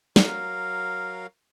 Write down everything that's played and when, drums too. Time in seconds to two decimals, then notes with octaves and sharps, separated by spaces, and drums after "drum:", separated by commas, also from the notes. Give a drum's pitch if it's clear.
0.16 F#3 A#4 F5, drum: snare